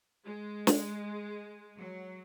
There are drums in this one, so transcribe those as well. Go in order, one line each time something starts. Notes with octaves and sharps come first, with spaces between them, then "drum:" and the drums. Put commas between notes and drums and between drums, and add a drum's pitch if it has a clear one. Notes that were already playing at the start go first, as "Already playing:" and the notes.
G#3
drum: snare
F#3